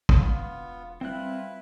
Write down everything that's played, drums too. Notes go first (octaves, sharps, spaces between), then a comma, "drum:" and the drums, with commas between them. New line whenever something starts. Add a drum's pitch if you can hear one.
drum: kick
E1 B3 F4
G3 C4 E4 F4 B4 F#6